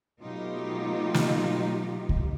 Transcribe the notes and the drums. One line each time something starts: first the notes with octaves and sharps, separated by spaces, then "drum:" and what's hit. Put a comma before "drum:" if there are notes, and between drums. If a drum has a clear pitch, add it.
B2 F#3 A3 D#4 F4 G4
drum: snare
drum: kick C#2